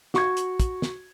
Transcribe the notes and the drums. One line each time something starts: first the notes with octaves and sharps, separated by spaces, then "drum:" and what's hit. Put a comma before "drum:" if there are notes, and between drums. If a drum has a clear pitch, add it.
F#4 C#6 G#6, drum: snare
drum: hi-hat
drum: kick, hi-hat
drum: snare